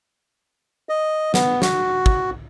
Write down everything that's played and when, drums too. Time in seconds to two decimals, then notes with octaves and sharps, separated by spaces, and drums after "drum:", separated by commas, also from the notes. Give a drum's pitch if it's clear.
0.89 D#5
1.34 B3, drum: snare
1.62 F#4, drum: snare
2.06 drum: kick